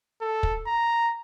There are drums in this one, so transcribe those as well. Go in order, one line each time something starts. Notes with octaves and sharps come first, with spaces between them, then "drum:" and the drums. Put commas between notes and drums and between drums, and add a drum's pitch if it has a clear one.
A4
drum: kick
A#5